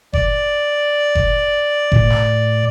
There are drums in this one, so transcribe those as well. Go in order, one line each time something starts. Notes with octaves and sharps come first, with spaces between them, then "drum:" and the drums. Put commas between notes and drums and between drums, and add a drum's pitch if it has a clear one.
D5, drum: kick F#1
drum: kick F#1
A2, drum: kick F#1
drum: snare